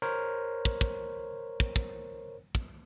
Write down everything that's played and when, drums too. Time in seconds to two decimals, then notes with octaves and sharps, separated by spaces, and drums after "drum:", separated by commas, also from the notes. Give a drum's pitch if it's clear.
0.02 A#4 C5 C#5
0.65 drum: kick
0.81 drum: kick
1.60 drum: kick
1.76 drum: kick
2.55 drum: kick